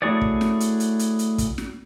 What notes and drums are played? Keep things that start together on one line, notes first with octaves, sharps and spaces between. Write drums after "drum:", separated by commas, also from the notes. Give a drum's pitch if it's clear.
A3 E4 F#4 G#4 C#5 D5
drum: kick
drum: snare
drum: hi-hat
drum: hi-hat
drum: hi-hat
drum: hi-hat
drum: kick, hi-hat
drum: snare